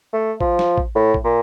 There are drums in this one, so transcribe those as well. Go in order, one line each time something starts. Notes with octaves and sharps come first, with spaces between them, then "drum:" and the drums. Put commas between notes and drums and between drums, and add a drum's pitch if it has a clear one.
A3
F3, drum: kick A1
drum: snare
drum: kick A1
A2
drum: kick A1
A#2